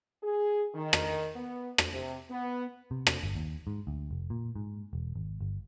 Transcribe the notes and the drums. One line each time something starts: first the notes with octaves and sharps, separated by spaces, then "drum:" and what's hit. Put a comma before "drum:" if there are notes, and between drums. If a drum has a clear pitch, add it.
G#4
D#3
drum: rim click
B3
drum: rim click
C3
B3
C3
drum: rim click
G1
D#2
G#2
D2
F1
A#2
G#2
E1
G#1
G1